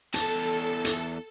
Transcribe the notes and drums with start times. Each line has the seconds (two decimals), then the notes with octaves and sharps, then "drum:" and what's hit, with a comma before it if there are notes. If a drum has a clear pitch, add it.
0.14 E2 A4 A5, drum: hi-hat
0.85 drum: hi-hat